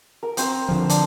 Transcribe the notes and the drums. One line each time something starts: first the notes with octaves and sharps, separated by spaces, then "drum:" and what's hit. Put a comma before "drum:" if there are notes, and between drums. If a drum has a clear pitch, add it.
A#4
C4 C5 A#5, drum: hi-hat
D3 F3
D4, drum: hi-hat